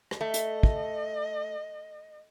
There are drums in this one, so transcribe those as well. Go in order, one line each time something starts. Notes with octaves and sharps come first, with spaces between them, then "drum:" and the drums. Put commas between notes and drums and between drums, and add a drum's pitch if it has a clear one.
drum: rim click
A3 D#5
drum: hi-hat
drum: kick